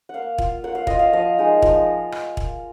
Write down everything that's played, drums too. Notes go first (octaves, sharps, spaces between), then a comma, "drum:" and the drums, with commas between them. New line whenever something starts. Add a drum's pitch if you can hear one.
A#3 F5 F#5
F4, drum: kick
A#3 F#5
F5
F4 D#5, drum: kick
F5
F3 D#5
G#3 D#4
F3, drum: kick
drum: rim click
drum: kick